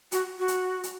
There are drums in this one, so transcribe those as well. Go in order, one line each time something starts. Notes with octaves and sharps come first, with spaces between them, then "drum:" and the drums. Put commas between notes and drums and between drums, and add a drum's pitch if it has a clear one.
F#4, drum: hi-hat
F#4
drum: hi-hat
drum: hi-hat